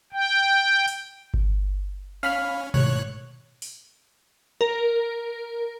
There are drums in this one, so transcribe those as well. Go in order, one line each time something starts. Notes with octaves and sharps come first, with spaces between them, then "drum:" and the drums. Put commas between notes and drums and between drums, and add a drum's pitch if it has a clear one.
G5
drum: open hi-hat
drum: kick G1
C#4 F5 B5 F6
G#1 A2 C#5 F#6, drum: tom B2
drum: open hi-hat
A#4